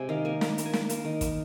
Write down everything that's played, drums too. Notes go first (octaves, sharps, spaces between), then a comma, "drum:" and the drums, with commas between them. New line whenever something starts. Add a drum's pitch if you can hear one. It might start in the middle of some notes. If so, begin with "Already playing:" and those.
Already playing: C3 G#3 G#5
D#3 F5
A#3 G#5
A#3 A#5, drum: snare
A#3, drum: hi-hat
G#5
A#3, drum: snare
A#3, drum: hi-hat
D#3
A#3, drum: kick, hi-hat